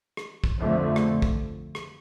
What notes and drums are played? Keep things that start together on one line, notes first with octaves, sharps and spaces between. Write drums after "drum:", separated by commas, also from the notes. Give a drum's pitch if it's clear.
drum: rim click
drum: kick
F2 D3 A3
drum: rim click
drum: kick
drum: rim click